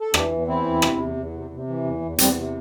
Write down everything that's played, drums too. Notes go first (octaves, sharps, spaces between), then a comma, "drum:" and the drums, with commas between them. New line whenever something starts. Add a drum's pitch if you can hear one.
A4
E3 D4 G4, drum: rim click
E2
E3 C4 E4
E2
C3, drum: rim click
E2
E2
C3
C3
E3
E2
E2
E2 G3 C4, drum: hi-hat
C3